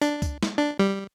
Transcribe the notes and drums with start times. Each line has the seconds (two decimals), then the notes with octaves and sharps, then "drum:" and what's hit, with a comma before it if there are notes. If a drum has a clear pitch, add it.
0.01 D4, drum: tambourine
0.22 drum: kick, tambourine
0.43 drum: snare
0.58 D4
0.79 G3